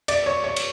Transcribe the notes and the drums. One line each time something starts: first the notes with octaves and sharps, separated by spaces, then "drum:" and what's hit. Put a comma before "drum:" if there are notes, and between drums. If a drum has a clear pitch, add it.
D5, drum: cymbal
C#5
C#5
drum: cymbal